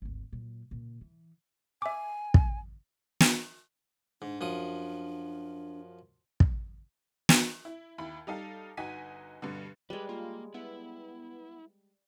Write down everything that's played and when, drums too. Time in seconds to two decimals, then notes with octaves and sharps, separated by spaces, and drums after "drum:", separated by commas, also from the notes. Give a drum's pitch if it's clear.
0.02 G#1 D2
0.32 A#2 F#3
0.71 A#2 C#3
1.01 E3
1.82 E5 G#5 D6
2.34 drum: kick
3.20 drum: snare
4.22 G#2 D4
4.41 F#2 F3 D#6
6.40 drum: kick
7.29 drum: snare
7.65 E4
7.98 D#2 E4 B5
8.27 G3 D#4 A4 F5
8.77 G1 D#4 F#4 G#5 B6 D#7
9.42 G2 B2 D3
9.90 G3 G#3 B4 D5
10.09 A#3 F4
10.54 B3 E4